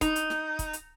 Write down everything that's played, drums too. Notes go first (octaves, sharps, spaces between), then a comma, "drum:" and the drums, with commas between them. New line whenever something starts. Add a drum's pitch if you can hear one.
D#4, drum: kick, hi-hat
drum: hi-hat
drum: snare
drum: kick, hi-hat
drum: hi-hat